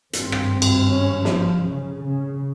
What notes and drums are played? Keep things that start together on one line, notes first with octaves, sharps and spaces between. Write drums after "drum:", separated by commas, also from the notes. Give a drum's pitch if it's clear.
G#1 G2 C4, drum: hi-hat
drum: rim click
drum: cymbal
C#4
F3, drum: snare
C#3
C#3